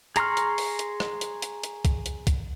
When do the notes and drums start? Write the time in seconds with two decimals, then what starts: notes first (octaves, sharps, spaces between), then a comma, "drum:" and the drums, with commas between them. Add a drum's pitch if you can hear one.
0.16 G#4 A#5 C6 C#6 F6, drum: hi-hat
0.37 drum: hi-hat
0.58 drum: open hi-hat
0.79 drum: hi-hat
1.00 drum: rim click
1.21 drum: hi-hat
1.42 drum: hi-hat
1.64 drum: hi-hat
1.85 drum: kick B1, hi-hat
2.06 drum: hi-hat
2.27 drum: kick B1, hi-hat